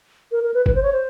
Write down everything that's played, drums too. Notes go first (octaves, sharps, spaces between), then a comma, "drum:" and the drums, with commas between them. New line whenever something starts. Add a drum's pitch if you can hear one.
A#4
A#4
B4
B4, drum: kick G1
C5
C#5
C5